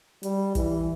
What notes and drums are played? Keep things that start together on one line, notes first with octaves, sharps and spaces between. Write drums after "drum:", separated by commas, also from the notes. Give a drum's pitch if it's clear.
G3, drum: hi-hat
E3, drum: kick, hi-hat